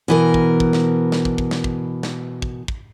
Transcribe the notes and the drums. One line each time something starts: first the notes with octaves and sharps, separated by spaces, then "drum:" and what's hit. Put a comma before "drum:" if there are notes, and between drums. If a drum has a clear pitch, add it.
B2 E3 A#4
drum: kick
drum: kick
drum: snare
drum: snare
drum: kick
drum: kick
drum: snare
drum: kick
drum: snare
drum: kick
drum: kick